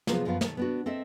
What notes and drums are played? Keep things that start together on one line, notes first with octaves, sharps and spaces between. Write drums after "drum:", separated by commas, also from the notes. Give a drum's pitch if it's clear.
C3 F3 F#3 G#3 B3 F4, drum: snare
F#2 F3 A3 B3 F5
D#3 A3, drum: snare
B3 D4 F#4
C4 A4 D#5 E5